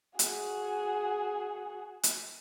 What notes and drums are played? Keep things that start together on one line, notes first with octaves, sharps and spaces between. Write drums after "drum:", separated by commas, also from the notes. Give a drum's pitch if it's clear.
F#4 G#4, drum: hi-hat
drum: hi-hat